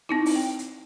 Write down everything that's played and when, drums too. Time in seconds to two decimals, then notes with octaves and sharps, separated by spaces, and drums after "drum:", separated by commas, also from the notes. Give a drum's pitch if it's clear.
0.09 C4 D#4 E4
0.26 drum: open hi-hat
0.36 G5
0.59 drum: hi-hat